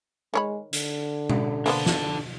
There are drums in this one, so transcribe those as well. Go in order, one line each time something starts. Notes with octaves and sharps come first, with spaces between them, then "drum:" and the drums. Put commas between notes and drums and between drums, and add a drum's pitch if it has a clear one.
D#3 G#3 C#5 B5
D3, drum: hi-hat
drum: tom B2
A#3 B3 D4 A4 C5, drum: open hi-hat
drum: snare